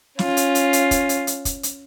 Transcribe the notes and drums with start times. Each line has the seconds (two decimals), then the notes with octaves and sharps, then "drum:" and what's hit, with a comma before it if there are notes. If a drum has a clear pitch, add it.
0.19 C#4 F4, drum: snare
0.37 drum: hi-hat
0.55 drum: hi-hat
0.73 drum: hi-hat
0.91 drum: kick, hi-hat
1.09 drum: hi-hat
1.27 drum: hi-hat
1.45 drum: kick, hi-hat
1.63 drum: hi-hat